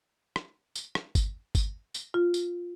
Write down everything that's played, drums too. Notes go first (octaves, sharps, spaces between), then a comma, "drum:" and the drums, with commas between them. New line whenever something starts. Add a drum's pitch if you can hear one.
drum: rim click
drum: tambourine
drum: rim click
drum: kick G1, tambourine
drum: kick G1, tambourine
drum: tambourine
F4
drum: tambourine